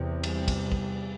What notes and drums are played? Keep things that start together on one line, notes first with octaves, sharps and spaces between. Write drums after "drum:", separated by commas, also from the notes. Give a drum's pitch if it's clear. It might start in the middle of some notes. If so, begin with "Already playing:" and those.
Already playing: E2 C3
E3 G3, drum: cymbal
drum: kick, cymbal
drum: kick